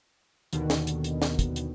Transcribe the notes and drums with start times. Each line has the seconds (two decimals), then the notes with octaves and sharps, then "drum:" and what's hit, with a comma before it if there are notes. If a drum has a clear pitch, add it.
0.53 D#2 B2 D3 D#3, drum: hi-hat
0.70 drum: snare
0.87 drum: hi-hat
1.04 drum: hi-hat
1.22 drum: snare
1.39 drum: kick, hi-hat
1.56 drum: hi-hat